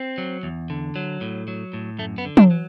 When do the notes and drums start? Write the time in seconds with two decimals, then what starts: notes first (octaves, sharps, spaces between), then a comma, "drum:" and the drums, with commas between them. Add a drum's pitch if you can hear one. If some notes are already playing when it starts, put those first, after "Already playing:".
Already playing: C4
0.18 F#3
0.43 E2
0.70 D3
0.96 F#3
1.21 A2
1.48 F#3
1.73 A2
1.99 F#2 A3
2.18 B3
2.25 D3
2.37 D4, drum: tom
2.51 F#3